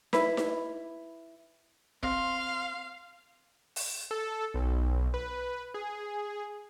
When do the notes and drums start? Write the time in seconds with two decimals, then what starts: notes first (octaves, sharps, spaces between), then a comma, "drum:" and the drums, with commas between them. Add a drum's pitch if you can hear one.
0.13 E4 B4, drum: snare D#4
0.37 drum: snare D#4
2.03 C4 F5 C6, drum: kick
3.76 drum: open hi-hat
4.11 A4
4.54 B1
5.14 B4
5.74 G#4